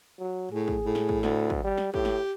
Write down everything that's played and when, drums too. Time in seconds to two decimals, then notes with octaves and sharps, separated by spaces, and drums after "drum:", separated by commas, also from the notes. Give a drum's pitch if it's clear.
0.19 F#3
0.52 A2 G#4
0.68 drum: kick
0.86 A2
0.95 drum: snare
1.09 drum: kick
1.23 D2, drum: snare
1.50 drum: kick
1.64 G3
1.78 drum: snare
1.94 A2 G4, drum: kick
2.05 drum: snare